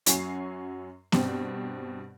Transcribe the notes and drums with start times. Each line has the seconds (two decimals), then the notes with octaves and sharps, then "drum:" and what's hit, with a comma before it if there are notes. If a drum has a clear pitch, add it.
0.06 F#2 F#3 G#5 C#6 C7, drum: hi-hat
1.12 G2 B2 C4, drum: snare B3